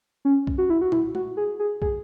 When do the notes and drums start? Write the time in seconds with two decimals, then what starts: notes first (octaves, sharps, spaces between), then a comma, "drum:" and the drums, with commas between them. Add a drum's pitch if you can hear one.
0.25 C#4
0.47 drum: kick
0.58 F#4
0.70 E4
0.81 F#4
0.92 E4, drum: tom
1.15 F#4, drum: tom G#3
1.37 G#4
1.60 G#4
1.82 G#4, drum: kick